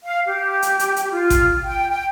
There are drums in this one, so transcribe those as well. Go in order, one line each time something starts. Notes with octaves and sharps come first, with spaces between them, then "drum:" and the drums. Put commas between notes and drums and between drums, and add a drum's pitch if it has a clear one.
F5
G4
drum: hi-hat
drum: hi-hat
drum: hi-hat
F4
drum: kick G#1, hi-hat
G5
G5